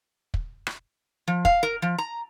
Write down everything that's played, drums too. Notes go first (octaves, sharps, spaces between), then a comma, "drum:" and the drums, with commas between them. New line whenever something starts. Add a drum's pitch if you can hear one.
drum: kick
drum: rim click
F3
F5, drum: kick
A#4
F3
A#5